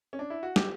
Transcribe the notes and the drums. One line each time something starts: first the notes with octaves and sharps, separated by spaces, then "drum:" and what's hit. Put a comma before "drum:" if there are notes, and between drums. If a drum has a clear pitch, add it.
C#4
D4
E4
F#4
G4, drum: snare